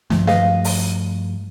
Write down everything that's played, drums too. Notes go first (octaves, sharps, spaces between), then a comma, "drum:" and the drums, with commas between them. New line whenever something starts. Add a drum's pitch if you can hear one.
G2 F3 A3, drum: snare
B4 D#5 F5, drum: snare
drum: open hi-hat